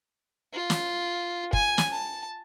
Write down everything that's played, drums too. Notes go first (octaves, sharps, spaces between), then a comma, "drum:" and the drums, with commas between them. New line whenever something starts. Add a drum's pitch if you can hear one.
F4
drum: snare
G#5, drum: kick
drum: snare
A5